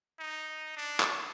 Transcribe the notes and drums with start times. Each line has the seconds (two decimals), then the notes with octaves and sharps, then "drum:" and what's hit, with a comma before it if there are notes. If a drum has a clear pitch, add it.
0.19 D#4
0.77 D4
1.00 drum: clap